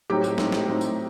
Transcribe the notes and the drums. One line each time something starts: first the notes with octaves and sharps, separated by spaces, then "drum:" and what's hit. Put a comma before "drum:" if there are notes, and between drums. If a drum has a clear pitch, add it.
A2 F#3 C4 D#4 G4 G5
drum: tambourine
A2 F#3 C4 D#4, drum: snare
drum: snare
A2 F#3 C4 D#4
drum: tambourine